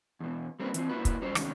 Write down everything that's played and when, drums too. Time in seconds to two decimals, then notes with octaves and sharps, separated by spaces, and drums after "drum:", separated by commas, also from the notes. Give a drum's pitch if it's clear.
0.20 E2 B2
0.60 G3 A#3 C4 C#4 B4
0.74 E3 C4, drum: hi-hat
0.89 A#3 E4 F#4 B4
1.05 drum: kick, hi-hat
1.22 F#3 G3 C#4 C5
1.35 C3 D#3 F#3 G#3 C#4, drum: rim click